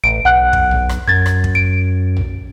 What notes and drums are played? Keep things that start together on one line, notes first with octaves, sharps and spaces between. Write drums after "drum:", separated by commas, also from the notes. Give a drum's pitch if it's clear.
A1 D7
B1 F#5 F#6
drum: kick
drum: tom A#1
drum: rim click
F#2 G#6 A6
drum: rim click
drum: kick
D7
drum: tom A#1